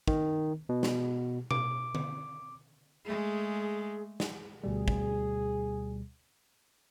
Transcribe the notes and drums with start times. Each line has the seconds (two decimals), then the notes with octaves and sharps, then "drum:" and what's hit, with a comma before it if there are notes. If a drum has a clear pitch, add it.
0.07 D#3, drum: kick
0.69 B2
0.83 drum: snare
1.51 D6, drum: tom B2
1.95 drum: tom D3
3.05 G#3 A3 G#4
4.20 drum: snare
4.64 D2 B2 G3 G#4
4.88 drum: kick